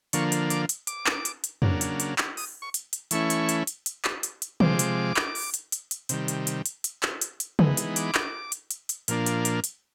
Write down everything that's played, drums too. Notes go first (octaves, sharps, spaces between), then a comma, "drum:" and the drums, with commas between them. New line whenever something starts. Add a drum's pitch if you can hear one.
D3 F3 A#3 C#6, drum: hi-hat
drum: hi-hat
D6, drum: hi-hat
drum: hi-hat
D6, drum: hi-hat
drum: clap
drum: hi-hat
drum: hi-hat
C#3 F#3 A#3 D4, drum: tom
drum: hi-hat
drum: hi-hat
drum: clap
D#6, drum: open hi-hat
C#6
drum: hi-hat
drum: hi-hat
E3 A3 C#4 E4 C#6, drum: hi-hat
drum: hi-hat
drum: hi-hat
drum: hi-hat
drum: hi-hat
drum: clap
drum: hi-hat
drum: hi-hat
C3 F3 G#3 D6, drum: tom
drum: hi-hat
drum: clap
drum: open hi-hat
drum: hi-hat
drum: hi-hat
drum: hi-hat
C3 D#3 G3, drum: hi-hat
drum: hi-hat
drum: hi-hat
drum: hi-hat
drum: hi-hat
drum: clap
drum: hi-hat
drum: hi-hat
E3 G#3 B3 D#4, drum: tom
drum: hi-hat
D6, drum: hi-hat
drum: clap
drum: hi-hat
drum: hi-hat
drum: hi-hat
A#2 F3 A#3 D4, drum: hi-hat
drum: hi-hat
drum: hi-hat
drum: hi-hat